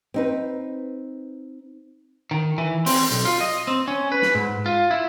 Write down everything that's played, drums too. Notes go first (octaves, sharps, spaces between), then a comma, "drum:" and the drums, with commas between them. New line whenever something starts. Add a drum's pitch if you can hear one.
C4 D#4 B4
D#3
E3
C4, drum: open hi-hat
B1
F4
D#5
C4
C#4
B4
drum: snare
G#2
F4
E4